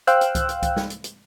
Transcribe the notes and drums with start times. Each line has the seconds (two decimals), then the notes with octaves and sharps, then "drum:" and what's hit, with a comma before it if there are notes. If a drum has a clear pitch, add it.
0.07 C5 F5 G5 E6 F#6, drum: hi-hat
0.21 drum: hi-hat
0.35 drum: kick C2, hi-hat
0.49 drum: hi-hat
0.63 drum: kick C2, hi-hat
0.76 drum: snare
0.90 drum: hi-hat
1.04 drum: hi-hat